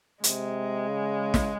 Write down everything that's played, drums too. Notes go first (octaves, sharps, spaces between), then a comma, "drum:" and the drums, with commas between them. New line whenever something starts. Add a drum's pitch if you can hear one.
C3 G#3, drum: hi-hat
C#3
drum: snare